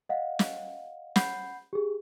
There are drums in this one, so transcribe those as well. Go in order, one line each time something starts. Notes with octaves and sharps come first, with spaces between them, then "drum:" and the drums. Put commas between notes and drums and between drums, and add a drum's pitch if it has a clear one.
D#5 F5 F#5
drum: snare
F#5 B5 G6 C7, drum: snare
G4 G#4